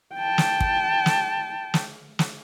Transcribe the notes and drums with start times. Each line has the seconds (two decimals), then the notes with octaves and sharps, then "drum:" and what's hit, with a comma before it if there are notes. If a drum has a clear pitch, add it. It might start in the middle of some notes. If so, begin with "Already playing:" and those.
0.15 G5 A5
0.38 drum: snare
0.60 drum: kick
1.06 drum: snare
1.74 drum: snare
2.19 drum: snare